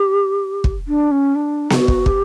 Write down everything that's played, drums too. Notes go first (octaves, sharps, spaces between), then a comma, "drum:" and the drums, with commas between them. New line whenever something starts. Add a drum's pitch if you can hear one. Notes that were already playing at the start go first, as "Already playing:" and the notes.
Already playing: G4
drum: kick
D4
C#4
D4
F#4, drum: snare B3
drum: kick
G4, drum: kick